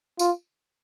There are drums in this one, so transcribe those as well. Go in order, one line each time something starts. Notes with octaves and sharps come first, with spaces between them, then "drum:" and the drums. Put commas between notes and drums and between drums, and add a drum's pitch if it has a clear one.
F4, drum: tambourine